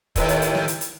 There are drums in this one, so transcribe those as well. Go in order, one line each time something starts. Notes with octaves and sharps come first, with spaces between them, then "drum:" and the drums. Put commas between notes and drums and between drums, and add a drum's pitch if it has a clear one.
D#2 A2 B4, drum: kick, hi-hat
drum: hi-hat
drum: hi-hat
drum: snare
drum: hi-hat
drum: hi-hat